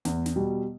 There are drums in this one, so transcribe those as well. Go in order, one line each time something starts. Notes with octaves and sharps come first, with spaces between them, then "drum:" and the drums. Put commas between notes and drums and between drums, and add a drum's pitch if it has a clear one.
E2, drum: snare
drum: snare
B2 G3